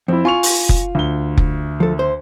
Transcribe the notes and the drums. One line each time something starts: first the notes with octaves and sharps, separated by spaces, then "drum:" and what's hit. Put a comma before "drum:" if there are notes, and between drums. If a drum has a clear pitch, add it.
F2 C4 E4
F4 G#5 C#6 F7
drum: open hi-hat
drum: kick F1
D2 G7
drum: kick F1
F3 A4
C5